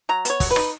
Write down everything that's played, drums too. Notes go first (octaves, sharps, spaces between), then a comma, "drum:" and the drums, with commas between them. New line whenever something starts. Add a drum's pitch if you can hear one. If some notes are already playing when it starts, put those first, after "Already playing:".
F#3 A#5
B3 C#5, drum: hi-hat
F#3, drum: kick, open hi-hat
B4
D#4, drum: rim click